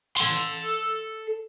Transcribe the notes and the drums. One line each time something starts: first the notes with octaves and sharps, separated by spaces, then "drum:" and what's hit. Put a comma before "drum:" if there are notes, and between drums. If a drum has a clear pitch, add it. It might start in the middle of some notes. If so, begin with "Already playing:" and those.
A4 C6, drum: open hi-hat